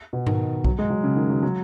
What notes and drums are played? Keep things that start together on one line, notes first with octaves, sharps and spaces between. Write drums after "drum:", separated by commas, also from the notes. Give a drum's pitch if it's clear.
B2
D#3, drum: tom G#2
F#3, drum: kick B1
G#3
F#3
C#3
D#3
F#3
F#3